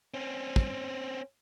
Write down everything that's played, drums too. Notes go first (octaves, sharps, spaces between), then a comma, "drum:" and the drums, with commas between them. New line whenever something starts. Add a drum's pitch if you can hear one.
C4 C#4
drum: kick